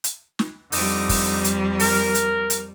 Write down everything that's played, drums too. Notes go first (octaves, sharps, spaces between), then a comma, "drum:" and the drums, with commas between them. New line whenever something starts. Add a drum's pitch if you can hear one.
drum: hi-hat
drum: snare
F2 D3 G3 D#4, drum: open hi-hat
drum: kick, open hi-hat
drum: hi-hat
A#4, drum: open hi-hat
drum: hi-hat
drum: hi-hat